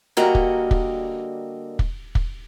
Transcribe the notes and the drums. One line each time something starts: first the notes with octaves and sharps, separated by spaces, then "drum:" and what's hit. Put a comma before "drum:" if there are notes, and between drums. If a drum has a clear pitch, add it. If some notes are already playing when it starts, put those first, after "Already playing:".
D3 G3 A#3 F#4 D#5 A#5
drum: kick
drum: kick
drum: kick
drum: kick